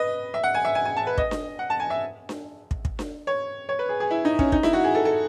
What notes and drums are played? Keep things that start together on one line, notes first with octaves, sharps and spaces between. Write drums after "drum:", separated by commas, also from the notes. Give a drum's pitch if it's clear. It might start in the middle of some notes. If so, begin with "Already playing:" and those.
Already playing: B4 D#5
E5
F#5
G#5
E5
G#5
G#5
A5
B4
D#5, drum: kick
drum: snare D4
F#5
A5
G#5
E5
drum: snare D4
drum: kick
drum: kick
drum: snare D4
C#5
C#5
B4
G#4
G#4
E4
D#4
C#4, drum: kick
D#4, drum: kick
E4, drum: snare D4
F#4
G#4
A4
A4